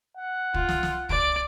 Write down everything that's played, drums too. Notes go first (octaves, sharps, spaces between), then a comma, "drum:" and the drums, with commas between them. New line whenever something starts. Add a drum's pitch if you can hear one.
F#5
F4, drum: kick
drum: snare
drum: snare
D5 D7, drum: kick